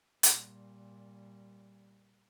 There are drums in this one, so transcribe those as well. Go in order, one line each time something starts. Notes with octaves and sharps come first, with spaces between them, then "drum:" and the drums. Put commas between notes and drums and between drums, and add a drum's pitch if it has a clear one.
A#2 G3, drum: hi-hat